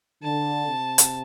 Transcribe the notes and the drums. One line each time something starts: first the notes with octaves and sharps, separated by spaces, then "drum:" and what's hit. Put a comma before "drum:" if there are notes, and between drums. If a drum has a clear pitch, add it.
D3 A5
C3
drum: hi-hat